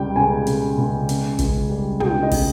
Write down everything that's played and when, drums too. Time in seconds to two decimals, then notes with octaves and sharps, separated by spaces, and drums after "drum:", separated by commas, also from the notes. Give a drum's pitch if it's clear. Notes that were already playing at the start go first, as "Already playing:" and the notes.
Already playing: C#2 C#3 G3 G5
0.16 C#2 G#5
0.47 C#3, drum: hi-hat
0.78 C#2
1.09 C#3, drum: hi-hat
1.39 C#2, drum: kick, hi-hat
1.70 G3
2.00 C#2 G5, drum: tom
2.23 D#5
2.31 C#3, drum: kick, open hi-hat